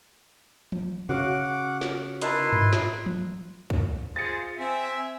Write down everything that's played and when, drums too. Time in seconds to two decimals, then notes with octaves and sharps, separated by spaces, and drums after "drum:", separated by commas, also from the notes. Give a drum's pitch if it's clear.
0.72 drum: tom E3
1.09 C#3 F#4 C#5 F5 F#5 D6
1.81 drum: snare
2.22 D#4 E4 A#4 B4 A5 C6, drum: hi-hat
2.52 drum: tom G2
2.73 drum: snare
3.06 drum: tom E3
3.70 drum: kick
4.16 F4 G#4 C5 A6 A#6 C#7
4.58 C4 E5 G#5